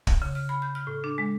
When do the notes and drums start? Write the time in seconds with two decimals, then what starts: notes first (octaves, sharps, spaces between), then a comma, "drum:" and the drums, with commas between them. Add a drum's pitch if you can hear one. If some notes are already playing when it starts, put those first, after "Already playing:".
0.07 drum: kick
0.22 C#3
0.35 F6
0.49 B5
0.62 G6
0.75 F6
0.87 A2
1.04 D4
1.18 G#3